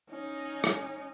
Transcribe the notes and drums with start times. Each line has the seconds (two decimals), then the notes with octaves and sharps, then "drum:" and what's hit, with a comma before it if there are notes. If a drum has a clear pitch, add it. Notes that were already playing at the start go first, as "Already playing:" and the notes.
0.10 C#4 D#4
0.64 drum: rim click